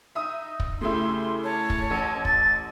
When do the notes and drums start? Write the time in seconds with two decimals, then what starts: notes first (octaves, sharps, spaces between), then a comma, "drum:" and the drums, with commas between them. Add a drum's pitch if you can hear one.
0.15 D#4 E5 D#6
0.60 drum: kick
0.81 A2 C#3 E4 G4 C6
1.44 C#5 A5
1.70 drum: kick
1.91 A1
2.25 A6, drum: kick